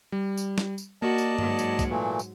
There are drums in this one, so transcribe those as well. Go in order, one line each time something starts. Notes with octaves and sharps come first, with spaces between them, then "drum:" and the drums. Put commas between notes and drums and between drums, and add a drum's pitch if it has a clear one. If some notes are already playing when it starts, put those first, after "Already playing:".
G3
drum: tambourine
drum: snare
drum: tambourine
A#3 F#4 D5 D#5 A5
drum: tambourine
G#2 F#3, drum: tom G2
drum: tambourine
drum: kick, tambourine
A#2 E3 A3
drum: tambourine